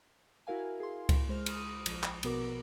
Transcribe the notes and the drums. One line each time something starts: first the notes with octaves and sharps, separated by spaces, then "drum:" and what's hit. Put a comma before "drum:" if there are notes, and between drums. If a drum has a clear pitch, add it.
E4 F#4 A#4 F5 G#5
G#4 C6
drum: kick C#2, cymbal
C#2 G#3 C5 F6
D#6 D#7, drum: cymbal
A#1 F3, drum: cymbal
drum: clap
A#1 B2 B3 F#4 A#4 D6, drum: cymbal